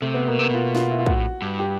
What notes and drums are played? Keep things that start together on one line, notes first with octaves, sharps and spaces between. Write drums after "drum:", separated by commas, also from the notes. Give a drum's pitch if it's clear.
C3 A3
B3
B2 A#3
C3 B3
B2 F4
F4, drum: snare
F#4
E4
F4
A2 F#4, drum: kick
G2
G4